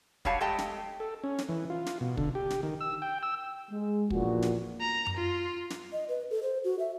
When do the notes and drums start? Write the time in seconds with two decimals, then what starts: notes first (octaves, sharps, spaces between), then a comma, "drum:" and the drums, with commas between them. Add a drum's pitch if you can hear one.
0.25 F#3 G3 G4 C#5 F5 A5, drum: kick
0.41 G#3 A3 G4 D#5 G5 A5
0.59 drum: snare
1.00 A4
1.24 C#4
1.38 drum: snare
1.49 E3
1.70 F4
1.86 drum: snare
2.01 B2
2.17 D3, drum: kick
2.35 G4
2.50 drum: snare
2.63 D#3
2.81 E6
3.02 G5
3.23 E6
3.71 G#3
4.10 A#1 E2 A#2 F#4, drum: kick
4.42 drum: snare
4.80 A#5
5.06 drum: tom F#2
5.17 F4
5.70 drum: snare
5.93 D#5
6.09 B4
6.31 A4
6.43 C5
6.64 F#4
6.79 E5